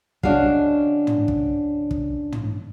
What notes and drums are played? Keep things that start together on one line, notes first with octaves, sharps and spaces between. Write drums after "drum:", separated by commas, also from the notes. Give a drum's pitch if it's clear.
C#3 D4 F#4 D#5 F5, drum: kick
drum: tom
drum: kick
drum: kick
drum: tom